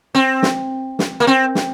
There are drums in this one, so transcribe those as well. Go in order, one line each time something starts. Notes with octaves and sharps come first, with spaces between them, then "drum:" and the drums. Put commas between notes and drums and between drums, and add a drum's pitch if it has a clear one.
C4
drum: snare
drum: snare
A#3
C4
drum: snare